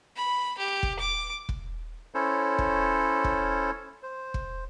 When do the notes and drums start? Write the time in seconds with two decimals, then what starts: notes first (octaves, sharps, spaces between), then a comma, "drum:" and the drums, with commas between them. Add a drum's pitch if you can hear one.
0.16 B5
0.58 G4
0.83 drum: kick
0.99 D6
1.49 drum: kick
2.15 C#4 E4 A4 C5 C#5
2.58 drum: kick
3.24 drum: kick
4.03 C5
4.34 drum: kick